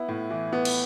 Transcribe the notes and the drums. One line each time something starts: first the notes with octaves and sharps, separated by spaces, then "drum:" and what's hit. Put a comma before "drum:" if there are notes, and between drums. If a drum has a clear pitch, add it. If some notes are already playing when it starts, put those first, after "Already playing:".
Already playing: B3 E4
A2
E3
B3
drum: cymbal